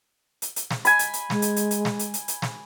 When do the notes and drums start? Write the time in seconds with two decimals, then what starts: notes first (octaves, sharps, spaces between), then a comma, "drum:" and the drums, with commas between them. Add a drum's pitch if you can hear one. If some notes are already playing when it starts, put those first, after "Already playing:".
0.42 drum: hi-hat
0.56 drum: hi-hat
0.71 drum: snare
0.85 G#5 B5, drum: hi-hat
0.99 drum: hi-hat
1.13 drum: hi-hat
1.30 G#3, drum: snare
1.42 drum: hi-hat
1.56 drum: hi-hat
1.71 drum: hi-hat
1.85 drum: snare
1.99 drum: hi-hat
2.14 drum: hi-hat
2.28 drum: hi-hat
2.42 drum: snare